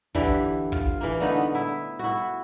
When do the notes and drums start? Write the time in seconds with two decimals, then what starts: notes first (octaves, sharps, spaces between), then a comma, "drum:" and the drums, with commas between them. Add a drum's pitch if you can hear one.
0.15 D3 E3 E4 G4, drum: kick
0.27 drum: open hi-hat
0.72 F4, drum: kick
1.01 E3 A#3
1.20 D3 A3 B3 D#4
1.55 E4
1.99 E4 F#4